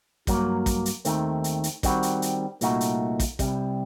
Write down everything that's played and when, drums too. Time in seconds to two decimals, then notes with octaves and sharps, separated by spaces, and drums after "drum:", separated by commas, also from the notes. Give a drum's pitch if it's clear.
0.27 G2 F#3 A#3, drum: kick, hi-hat
0.66 drum: kick, hi-hat
0.86 drum: hi-hat
1.05 D#2 D#3 A3 C4, drum: hi-hat
1.44 drum: hi-hat
1.64 drum: hi-hat
1.83 D#3 G3 C4 F#4, drum: kick, hi-hat
2.03 drum: hi-hat
2.22 drum: hi-hat
2.61 C2 A#2 A3 D#4 F#4, drum: hi-hat
2.81 drum: hi-hat
3.20 drum: kick, hi-hat
3.39 C2 C3 G3, drum: kick, hi-hat